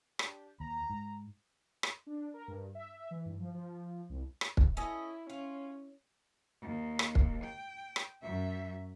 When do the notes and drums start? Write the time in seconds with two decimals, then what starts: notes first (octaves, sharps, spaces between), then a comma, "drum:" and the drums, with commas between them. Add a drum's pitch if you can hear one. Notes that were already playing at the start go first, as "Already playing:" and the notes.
0.19 D4 G4, drum: rim click
0.60 D#2 A#5
0.90 G#2
1.83 drum: rim click
2.07 D4
2.34 A#4
2.48 G2
2.75 E5
3.00 E5
3.11 E3
3.26 G2
3.39 F3
3.54 F3
4.09 C2
4.41 drum: rim click
4.57 drum: kick
4.77 C#4 E4 A4 D#5
5.30 C#4 F4
6.62 D#2
6.99 drum: rim click
7.15 drum: kick
7.44 G5
7.96 drum: rim click
8.22 F#2 E5